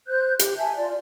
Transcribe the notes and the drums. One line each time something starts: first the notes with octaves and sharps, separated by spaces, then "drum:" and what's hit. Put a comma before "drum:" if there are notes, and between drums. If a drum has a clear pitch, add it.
C5 F#6 G6
G4, drum: hi-hat
E5 G#5 A5
F4 D5